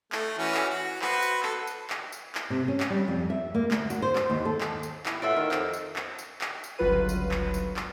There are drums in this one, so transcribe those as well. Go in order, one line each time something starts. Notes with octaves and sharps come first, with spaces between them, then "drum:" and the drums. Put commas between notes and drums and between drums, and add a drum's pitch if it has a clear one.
A3, drum: clap
E3 C#4 F#4
drum: clap
F#4
F#4 B4 C5, drum: clap
drum: tambourine
A4, drum: clap
drum: tambourine
drum: clap
drum: tambourine
drum: clap
C3
C#4
drum: clap
G3
F2
E5
A#3
D2, drum: clap
F#4, drum: tambourine
C5
drum: clap
D#2
A4
drum: clap
drum: tambourine
E4, drum: clap
A2 F4 B4 E5 F#5 E6 D7
D#3 A#4
F2, drum: clap
drum: tambourine
drum: clap
drum: tambourine
drum: clap
drum: tambourine
G1 C#2 F#3 F4 B4 D#7
drum: tambourine
drum: clap
drum: tambourine
drum: clap